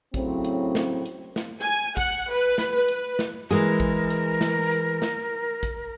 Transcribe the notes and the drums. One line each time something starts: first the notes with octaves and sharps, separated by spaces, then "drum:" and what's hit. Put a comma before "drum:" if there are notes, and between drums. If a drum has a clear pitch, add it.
A2 C#3 F#3 C4, drum: kick A#1, hi-hat
drum: hi-hat
drum: snare
drum: hi-hat
drum: snare
G#5
F#5, drum: kick A#1, hi-hat
B4
drum: snare
B4
drum: hi-hat
drum: snare
E3 G#3 G#4 A#4, drum: hi-hat
drum: kick A#1
drum: hi-hat
drum: snare
drum: hi-hat
drum: snare
drum: kick A#1, hi-hat